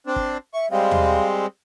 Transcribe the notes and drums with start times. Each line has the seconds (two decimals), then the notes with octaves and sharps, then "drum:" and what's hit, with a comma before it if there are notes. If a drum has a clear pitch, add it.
0.07 C4 D4
0.16 drum: kick
0.54 E5 C#6
0.71 G3 G#3 C4 F5
0.91 drum: tom D#2